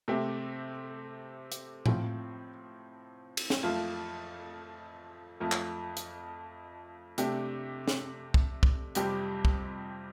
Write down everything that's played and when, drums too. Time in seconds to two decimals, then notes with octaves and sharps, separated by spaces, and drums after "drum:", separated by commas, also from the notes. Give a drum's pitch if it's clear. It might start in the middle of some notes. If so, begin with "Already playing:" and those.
0.08 C3 A3 C4 G4
1.52 drum: hi-hat
1.86 A2 F3 C4, drum: tom A2
3.37 drum: cymbal
3.50 drum: snare
3.63 F2 F3 A3 F4
5.40 F2 F3 A3
5.52 drum: clap
5.97 drum: hi-hat
7.18 C3 A3 D4 G4, drum: hi-hat
7.88 drum: snare
8.34 drum: kick
8.63 drum: kick
8.95 F2 C3 G3 C4 G4, drum: hi-hat
9.45 drum: kick